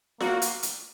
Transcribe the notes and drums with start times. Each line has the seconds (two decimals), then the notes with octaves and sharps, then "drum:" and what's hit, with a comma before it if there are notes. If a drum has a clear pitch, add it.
0.20 A#3 F#4, drum: snare F4
0.42 drum: hi-hat
0.63 drum: hi-hat